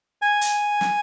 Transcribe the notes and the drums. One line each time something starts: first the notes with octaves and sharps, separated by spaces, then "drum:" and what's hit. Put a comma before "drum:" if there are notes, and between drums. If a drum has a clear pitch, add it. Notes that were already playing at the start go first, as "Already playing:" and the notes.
G#5
drum: hi-hat
drum: snare